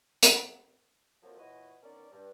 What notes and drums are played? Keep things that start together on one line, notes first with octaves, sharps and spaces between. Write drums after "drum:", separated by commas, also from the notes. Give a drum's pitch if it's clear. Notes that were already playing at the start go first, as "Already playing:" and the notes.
drum: hi-hat
F2 F3 F#3 A#3
A#2 E3 F#4 B4 C#5 D#5
D#3 B3 C#4 D4 A#4 D5
G2